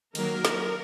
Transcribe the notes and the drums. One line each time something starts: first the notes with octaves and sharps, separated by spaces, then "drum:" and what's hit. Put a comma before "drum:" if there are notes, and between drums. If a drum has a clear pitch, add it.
D#3 F#3 A#3 A#4, drum: cymbal
drum: snare